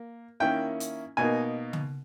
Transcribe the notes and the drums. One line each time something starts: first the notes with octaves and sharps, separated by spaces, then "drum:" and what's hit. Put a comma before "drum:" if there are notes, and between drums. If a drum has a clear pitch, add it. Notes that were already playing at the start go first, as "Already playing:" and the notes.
Already playing: A#3
D#3 A#3 C#4 E4 G5
drum: hi-hat
B2 A#3 D#4 G#5
drum: tom C#3